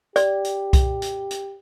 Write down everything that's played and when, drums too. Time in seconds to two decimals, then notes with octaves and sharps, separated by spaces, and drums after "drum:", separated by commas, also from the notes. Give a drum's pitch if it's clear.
0.16 G4 D5, drum: hi-hat
0.45 drum: hi-hat
0.73 drum: kick C2, hi-hat
1.02 drum: hi-hat
1.31 drum: hi-hat